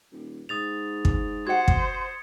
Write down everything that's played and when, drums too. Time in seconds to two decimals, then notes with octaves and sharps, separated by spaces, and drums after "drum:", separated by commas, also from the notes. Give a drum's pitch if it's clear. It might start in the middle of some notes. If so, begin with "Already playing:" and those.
0.12 D#1
0.49 G#2 D#6 A6 F7
1.05 drum: kick
1.47 F#4 C5 F#5 G#6 C#7
1.68 drum: kick